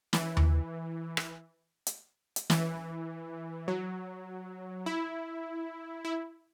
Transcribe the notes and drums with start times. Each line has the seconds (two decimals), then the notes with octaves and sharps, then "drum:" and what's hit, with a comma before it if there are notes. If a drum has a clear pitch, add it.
0.13 E3, drum: snare
0.37 drum: tom D#2
1.17 drum: rim click
1.87 drum: hi-hat
2.36 drum: hi-hat
2.50 E3, drum: snare
3.68 F#3
4.86 E4
6.05 E4